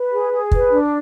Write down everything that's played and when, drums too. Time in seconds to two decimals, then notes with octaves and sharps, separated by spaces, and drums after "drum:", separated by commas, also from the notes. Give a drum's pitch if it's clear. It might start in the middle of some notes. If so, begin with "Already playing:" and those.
Already playing: B4
0.12 G#4
0.32 G#4
0.51 B4, drum: kick
0.71 D4